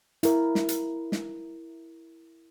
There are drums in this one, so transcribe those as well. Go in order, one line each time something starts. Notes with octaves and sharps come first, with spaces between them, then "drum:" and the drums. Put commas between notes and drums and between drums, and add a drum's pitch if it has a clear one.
E4 A#4, drum: hi-hat
drum: snare
drum: hi-hat
drum: snare